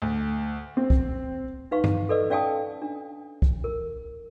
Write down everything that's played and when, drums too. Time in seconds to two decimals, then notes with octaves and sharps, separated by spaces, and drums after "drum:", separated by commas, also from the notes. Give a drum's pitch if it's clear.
0.02 D2
0.77 C4
0.90 drum: kick
1.71 D#4 B4 F5 C#6
1.84 drum: tom G2
2.09 A4 B4 D5 D#5 E6
2.30 C#4 D5 F5 G5 A5 D#6
2.82 D4
3.42 drum: kick
3.64 A#4